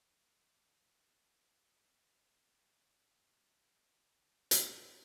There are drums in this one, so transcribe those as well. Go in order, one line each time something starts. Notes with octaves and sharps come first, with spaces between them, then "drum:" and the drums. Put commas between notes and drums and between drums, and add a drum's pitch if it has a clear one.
C4
C3 G3 G#3 A#3 C4 C#4
G#2
F#4
F3 G3 D4 E4 G4 C5
G2 A3 A#3 D#4
drum: hi-hat